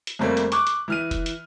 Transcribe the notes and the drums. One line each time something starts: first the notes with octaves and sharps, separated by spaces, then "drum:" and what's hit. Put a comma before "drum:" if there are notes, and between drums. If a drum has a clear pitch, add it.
drum: hi-hat
F2 C3 G3 A3 A#3 C4
drum: hi-hat
C#6 D6 F#6, drum: hi-hat
drum: hi-hat
E3 F6 D#7
drum: kick F1, hi-hat
drum: hi-hat